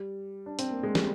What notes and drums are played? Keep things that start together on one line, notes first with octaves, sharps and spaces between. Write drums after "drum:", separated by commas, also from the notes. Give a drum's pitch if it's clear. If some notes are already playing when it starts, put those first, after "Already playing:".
Already playing: G3
D4
C4, drum: hi-hat
A#3
G#3
G3, drum: snare